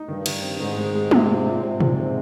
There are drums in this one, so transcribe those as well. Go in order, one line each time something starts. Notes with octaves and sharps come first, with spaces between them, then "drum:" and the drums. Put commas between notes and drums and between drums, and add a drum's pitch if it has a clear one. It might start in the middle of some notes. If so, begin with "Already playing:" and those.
Already playing: D#4
G2 D#3
D#3, drum: cymbal
C4
G#2 D#3
G#3
G#3
G#2 C3 F4, drum: tom
F4
A#2
G#2 C3 C4
A#2, drum: tom A#2
C4